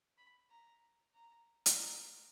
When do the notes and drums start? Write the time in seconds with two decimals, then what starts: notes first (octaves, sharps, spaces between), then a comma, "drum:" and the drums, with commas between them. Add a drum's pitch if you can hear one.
0.18 B5
0.50 A#5
1.14 A#5
1.66 drum: hi-hat
1.78 A#5